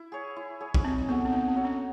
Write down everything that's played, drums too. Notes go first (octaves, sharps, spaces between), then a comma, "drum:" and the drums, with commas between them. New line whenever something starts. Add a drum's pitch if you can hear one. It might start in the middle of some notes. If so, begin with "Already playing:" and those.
Already playing: E4
G#4 C#5
E4
G#4 C#5
drum: kick
C4 D#4
B3 F#4 A4 C#5
C4
B3 D#4
C4
F#4 A4 C#5
C#4